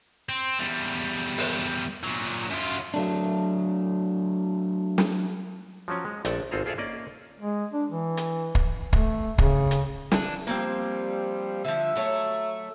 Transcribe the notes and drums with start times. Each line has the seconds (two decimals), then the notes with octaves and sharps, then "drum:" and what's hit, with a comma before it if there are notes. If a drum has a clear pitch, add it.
0.29 C4
0.59 E2 G3
1.38 drum: open hi-hat
2.03 A#2 F#3
2.50 F#2 F4
2.94 F#3 A3 D4
4.98 drum: snare
5.88 F3 F#3 C#4
6.05 G#3
6.25 A#1 A3 A4 D5, drum: hi-hat
6.51 G#1 C4 F4 G#4 A4 A#5
6.66 F4 G#4 A4 D5 E5 F5
6.78 A#3 C#4 D5 D#5
7.40 G#3
7.73 D4
7.91 E3
8.17 drum: hi-hat
8.55 drum: kick
8.93 A3, drum: kick
9.38 C#3, drum: kick
9.71 drum: hi-hat
10.11 E3 D4, drum: snare
10.47 F3 G3 A#3 C4
11.65 D3 F3 E5
11.96 F#3 A3 C#5